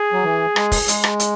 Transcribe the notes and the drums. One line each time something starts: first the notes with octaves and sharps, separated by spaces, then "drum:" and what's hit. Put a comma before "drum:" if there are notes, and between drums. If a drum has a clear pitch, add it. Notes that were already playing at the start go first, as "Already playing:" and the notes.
Already playing: G#4
F#3
E3
G#3, drum: rim click
drum: kick, open hi-hat
G#3, drum: hi-hat
drum: rim click
drum: hi-hat